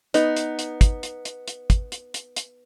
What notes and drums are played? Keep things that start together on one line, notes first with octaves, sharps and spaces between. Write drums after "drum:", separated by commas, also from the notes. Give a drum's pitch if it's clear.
B3 D#4, drum: hi-hat
drum: hi-hat
drum: hi-hat
drum: kick, hi-hat
drum: hi-hat
drum: hi-hat
drum: hi-hat
drum: kick, hi-hat
drum: hi-hat
drum: hi-hat
drum: hi-hat